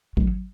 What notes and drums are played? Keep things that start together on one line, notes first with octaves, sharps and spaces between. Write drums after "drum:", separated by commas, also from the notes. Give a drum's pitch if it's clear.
F#3, drum: kick